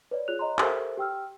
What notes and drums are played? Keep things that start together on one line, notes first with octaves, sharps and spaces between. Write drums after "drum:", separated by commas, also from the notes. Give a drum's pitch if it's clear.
B4 C#5 D5
F4 G#4 C#5 F#6 F7
C#5 D#5 A#5 C6
G4 A4 A#4 C5 E5, drum: clap
G4 G5 E6 F6